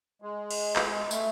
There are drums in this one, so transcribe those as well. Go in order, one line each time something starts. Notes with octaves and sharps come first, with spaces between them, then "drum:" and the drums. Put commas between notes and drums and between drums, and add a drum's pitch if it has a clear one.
G#3
drum: cymbal
drum: clap
A3, drum: tambourine